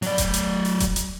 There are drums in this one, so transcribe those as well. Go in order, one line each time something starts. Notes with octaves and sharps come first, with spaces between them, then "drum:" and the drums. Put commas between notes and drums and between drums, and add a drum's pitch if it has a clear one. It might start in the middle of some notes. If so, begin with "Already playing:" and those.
F#3 D5, drum: open hi-hat
drum: kick D#1, hi-hat
drum: hi-hat
drum: open hi-hat
drum: kick D#1, hi-hat
drum: hi-hat